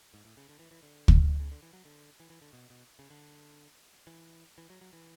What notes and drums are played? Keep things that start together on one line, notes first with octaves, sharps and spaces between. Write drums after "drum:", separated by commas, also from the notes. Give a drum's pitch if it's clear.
G#2
A2
C#3
D3
E3
E3
D3
drum: kick
A2
B2
C#3
D3
E3
F#3
D3
E3
E3
D3
B2
B2
C#3
D3
E3
E3
F#3
F#3
E3